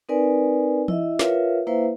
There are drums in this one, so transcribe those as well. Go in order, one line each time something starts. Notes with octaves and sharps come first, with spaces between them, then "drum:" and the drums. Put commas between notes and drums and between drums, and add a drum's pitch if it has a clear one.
C4 D#4 A#4 B4 D5 G#5
E4 D#5 E5, drum: tom E3
F4 A#4 B4 C#5 E5 F5, drum: snare
A#3 E4 B4 C5 E5 F5